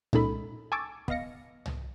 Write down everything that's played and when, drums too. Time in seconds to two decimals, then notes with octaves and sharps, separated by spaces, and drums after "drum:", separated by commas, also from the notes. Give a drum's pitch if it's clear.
0.13 A#2 G#3 C#4 D#4 A4 B5, drum: tom
0.72 G#5 A5 C#6 D6 E6 A6
1.08 B3 D#5 F5 A#6 C#7, drum: kick
1.66 drum: tom